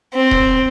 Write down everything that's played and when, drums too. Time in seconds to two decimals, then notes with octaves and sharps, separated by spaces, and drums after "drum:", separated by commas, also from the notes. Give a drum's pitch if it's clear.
0.14 C4
0.31 drum: kick D#1